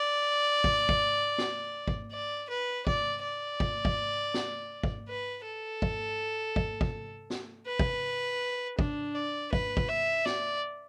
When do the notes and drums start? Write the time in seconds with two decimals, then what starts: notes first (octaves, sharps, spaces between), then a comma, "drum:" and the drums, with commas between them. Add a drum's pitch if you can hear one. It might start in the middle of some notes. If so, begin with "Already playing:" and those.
Already playing: D5
0.64 drum: kick
0.89 drum: kick
1.38 drum: snare
1.88 drum: kick
2.12 D5
2.50 B4
2.87 D5, drum: kick
3.23 D5
3.60 drum: kick
3.85 drum: kick
4.34 drum: snare
4.83 drum: kick
5.08 B4
5.45 A4
5.82 drum: kick
6.56 drum: kick
6.81 drum: kick
7.30 drum: snare
7.67 B4
7.79 drum: kick
8.79 D4, drum: kick
9.15 D5
9.53 B4, drum: kick
9.77 drum: kick
9.89 E5
10.26 D5, drum: snare